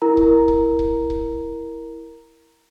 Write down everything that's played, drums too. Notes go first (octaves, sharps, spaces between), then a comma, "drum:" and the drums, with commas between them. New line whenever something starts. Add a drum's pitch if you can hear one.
E4 A#4 A#5
drum: kick C#1
drum: kick C#1
drum: kick C#1
drum: kick C#1